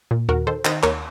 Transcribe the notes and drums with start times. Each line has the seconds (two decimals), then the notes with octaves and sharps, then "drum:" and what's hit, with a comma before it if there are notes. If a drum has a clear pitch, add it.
0.11 A#2
0.29 D#2 F#4 A#4
0.47 D#3 A4 C5
0.65 D#3 C5 D#5, drum: clap
0.83 D#2 A#4 C#5, drum: clap